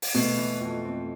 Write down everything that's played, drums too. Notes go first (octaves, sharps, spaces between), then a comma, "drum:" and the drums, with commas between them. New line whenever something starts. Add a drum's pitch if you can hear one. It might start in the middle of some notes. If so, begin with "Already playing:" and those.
drum: open hi-hat
B2 A3
E3
F2
C4